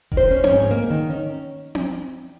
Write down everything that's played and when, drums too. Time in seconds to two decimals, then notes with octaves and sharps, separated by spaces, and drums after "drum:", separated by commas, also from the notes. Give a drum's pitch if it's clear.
0.12 D#3, drum: kick E1
0.17 C5
0.31 C#4
0.44 C#5, drum: tom C4
0.51 G#2
0.71 A#3
0.90 D#3
1.10 C#4
1.75 drum: tom C4